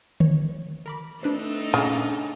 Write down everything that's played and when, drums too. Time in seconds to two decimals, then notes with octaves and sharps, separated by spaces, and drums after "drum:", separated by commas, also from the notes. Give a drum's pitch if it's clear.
0.20 C#5, drum: tom D3
0.86 A#4 B5 D6
1.23 A3 C4 D4 D#4 B4 C5
1.74 A#2 C#3 D4 F5 G#5 A6, drum: hi-hat